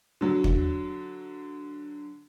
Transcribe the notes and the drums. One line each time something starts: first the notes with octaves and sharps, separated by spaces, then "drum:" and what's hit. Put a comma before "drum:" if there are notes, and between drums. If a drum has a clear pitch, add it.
D3 F#3
drum: kick